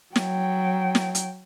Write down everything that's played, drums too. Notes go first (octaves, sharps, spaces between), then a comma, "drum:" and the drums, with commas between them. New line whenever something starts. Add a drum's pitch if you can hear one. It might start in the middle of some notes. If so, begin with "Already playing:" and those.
F#3 G5, drum: snare
drum: snare
drum: hi-hat